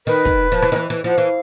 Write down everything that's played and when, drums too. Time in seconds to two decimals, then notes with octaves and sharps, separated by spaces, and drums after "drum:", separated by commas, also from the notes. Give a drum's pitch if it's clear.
0.07 D#3 B4
0.25 drum: kick, hi-hat
0.52 F3
0.62 E3, drum: rim click
0.72 D#3
0.76 E3
0.90 E3
1.04 F3 F#5
1.18 E3 F5